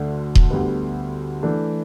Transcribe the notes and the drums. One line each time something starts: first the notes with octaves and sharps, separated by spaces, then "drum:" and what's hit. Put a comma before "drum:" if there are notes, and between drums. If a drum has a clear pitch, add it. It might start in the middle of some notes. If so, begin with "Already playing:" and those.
Already playing: D2 D3 A3 D4
drum: kick D#1
D2 D3 G3 B3
E3 A3 D4